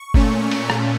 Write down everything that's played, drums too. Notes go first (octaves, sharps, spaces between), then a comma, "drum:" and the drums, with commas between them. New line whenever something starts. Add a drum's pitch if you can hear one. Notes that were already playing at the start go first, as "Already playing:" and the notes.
Already playing: C#6
A#2 A3 C#4, drum: kick F#1
drum: cymbal
drum: rim click